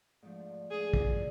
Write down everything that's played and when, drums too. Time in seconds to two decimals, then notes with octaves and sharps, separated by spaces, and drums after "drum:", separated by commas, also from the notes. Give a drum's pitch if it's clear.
0.23 G#2 F3 A3 D4
0.70 G#2 F3 A3 D4 G#4
0.94 drum: kick
1.14 D3